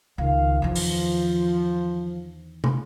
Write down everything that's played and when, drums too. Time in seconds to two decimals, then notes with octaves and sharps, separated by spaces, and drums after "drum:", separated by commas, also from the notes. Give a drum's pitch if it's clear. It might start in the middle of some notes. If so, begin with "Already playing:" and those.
0.18 C#2 D#3 F5
0.62 E2 D#3 F3
0.75 drum: open hi-hat
2.64 drum: tom